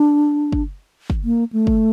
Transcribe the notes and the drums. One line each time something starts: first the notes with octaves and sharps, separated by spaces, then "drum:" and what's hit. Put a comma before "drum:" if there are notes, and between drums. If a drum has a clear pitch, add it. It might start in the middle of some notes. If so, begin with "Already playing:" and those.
Already playing: D4
drum: kick
drum: kick
A#3
A3
drum: kick